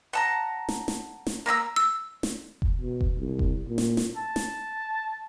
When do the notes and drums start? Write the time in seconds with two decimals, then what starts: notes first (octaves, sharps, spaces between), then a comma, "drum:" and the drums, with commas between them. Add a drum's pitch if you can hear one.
0.13 F#5 A5 A#5
0.69 drum: snare
0.88 drum: snare
1.27 drum: snare
1.46 A#3 A#5 B5 E6
1.76 E6
2.23 drum: snare
2.62 drum: kick F1
2.80 B2
3.01 drum: kick F1
3.18 C2
3.39 drum: kick F1
3.68 A#2
3.78 drum: snare
3.97 drum: snare
4.17 A5
4.36 drum: snare